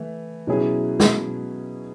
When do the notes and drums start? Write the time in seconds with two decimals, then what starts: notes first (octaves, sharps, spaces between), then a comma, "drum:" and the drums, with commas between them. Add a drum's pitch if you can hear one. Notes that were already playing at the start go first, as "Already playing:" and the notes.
Already playing: E3 A3
0.47 B2 F#3 C#4 E4 G#4
1.00 drum: snare